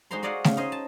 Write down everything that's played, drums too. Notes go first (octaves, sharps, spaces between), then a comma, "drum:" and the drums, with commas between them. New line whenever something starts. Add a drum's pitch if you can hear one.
G#3 D#4 F#4 C5 A#5 C6
F#4 G#4 D5 D#5 F5 F#5
C#3, drum: snare A3
C#4 D#4 G#4 C5 D#5
A5